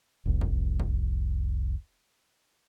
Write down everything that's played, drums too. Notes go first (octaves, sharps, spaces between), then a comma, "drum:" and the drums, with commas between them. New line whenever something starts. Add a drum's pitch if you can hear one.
F1 C2
drum: kick
drum: kick